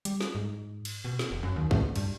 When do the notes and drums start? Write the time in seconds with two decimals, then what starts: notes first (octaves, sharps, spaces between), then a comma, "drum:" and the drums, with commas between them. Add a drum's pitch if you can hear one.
0.05 G3, drum: hi-hat
0.21 drum: snare
0.35 G#2
0.85 drum: cymbal
1.05 B2
1.19 drum: snare
1.31 F1
1.43 F#2
1.56 D#2
1.71 A2, drum: kick
1.96 G2, drum: cymbal